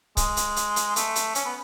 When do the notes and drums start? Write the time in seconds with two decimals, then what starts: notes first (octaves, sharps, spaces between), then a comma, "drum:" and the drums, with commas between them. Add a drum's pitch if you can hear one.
0.17 G#3, drum: kick C#1, hi-hat
0.37 drum: hi-hat
0.56 drum: hi-hat
0.76 drum: hi-hat
0.96 A3, drum: hi-hat
1.16 drum: hi-hat
1.35 C#4, drum: hi-hat
1.45 B3